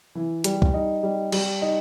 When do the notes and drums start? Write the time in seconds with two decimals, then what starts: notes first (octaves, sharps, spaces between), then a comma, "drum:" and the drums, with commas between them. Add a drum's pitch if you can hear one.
0.15 E3
0.44 G3, drum: hi-hat
0.62 drum: kick
0.74 D#4
1.03 G3
1.32 G3, drum: cymbal
1.62 D#4